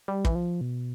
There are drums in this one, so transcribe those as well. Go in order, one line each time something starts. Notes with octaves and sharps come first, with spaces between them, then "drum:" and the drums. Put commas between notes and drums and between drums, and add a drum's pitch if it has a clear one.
G3
E3, drum: kick
F3
B2